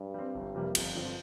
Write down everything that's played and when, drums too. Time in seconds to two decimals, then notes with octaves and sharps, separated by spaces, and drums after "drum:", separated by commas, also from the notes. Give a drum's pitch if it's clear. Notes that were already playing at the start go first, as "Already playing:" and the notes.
Already playing: G2
0.14 G3 C4
0.34 G1
0.55 F2 C3 G3 A#3
0.75 G1 F2, drum: cymbal
0.95 G2 D3 F3 C4